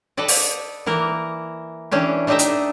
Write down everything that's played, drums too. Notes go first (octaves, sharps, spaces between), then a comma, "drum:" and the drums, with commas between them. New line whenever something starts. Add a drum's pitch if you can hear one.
A4 B4 D5 D#5
drum: open hi-hat
E3 A#3 A#4
E3 C#4 D4 G4
A3 D4 D#4 G4 D#5 E5
drum: hi-hat